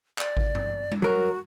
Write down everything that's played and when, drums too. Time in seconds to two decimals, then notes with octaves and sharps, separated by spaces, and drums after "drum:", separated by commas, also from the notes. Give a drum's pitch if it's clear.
0.18 D5, drum: clap
0.37 drum: kick G#1
0.55 drum: tom G2
0.92 drum: tom G3
1.02 F#3 F#4 A#4